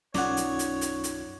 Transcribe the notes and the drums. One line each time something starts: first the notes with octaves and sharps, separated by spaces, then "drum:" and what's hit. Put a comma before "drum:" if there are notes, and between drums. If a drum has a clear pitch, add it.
B1 F#2 C#4 D#4 F4 C#5 D5 F#5, drum: snare
drum: hi-hat
drum: hi-hat
drum: hi-hat
drum: hi-hat